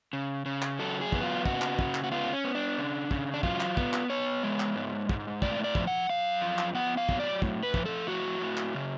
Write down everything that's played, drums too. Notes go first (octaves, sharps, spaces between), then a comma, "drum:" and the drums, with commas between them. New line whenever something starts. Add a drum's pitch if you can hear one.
C#3
C#3
drum: clap
F#3 A4
G#4
B3, drum: kick
F4
C#3 F#4, drum: kick
drum: clap
C#3, drum: kick
drum: clap
F#4
B3 F4
C#4
B3
D4
C#3
C#3, drum: kick
D4
F#3 F4, drum: kick
drum: clap
B3, drum: kick
drum: clap
B3 C#5
G#3
drum: clap
G#2
G#2, drum: kick
A2 D5, drum: kick
D5
F3, drum: kick
F#5
F#2 F5
F3
drum: clap
B3 F#5
F5
F#3, drum: kick
D5
A2, drum: kick
B4
F3, drum: kick
A4
A2 F#4
A2
drum: clap
C#3